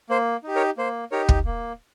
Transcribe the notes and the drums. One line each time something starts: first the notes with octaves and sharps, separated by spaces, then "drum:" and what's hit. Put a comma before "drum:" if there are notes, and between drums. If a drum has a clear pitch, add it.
A#3 C5
D#4 G4
A#4 C#5
A#3 C5
D#4 G4 A#4 C#5
drum: kick
A#3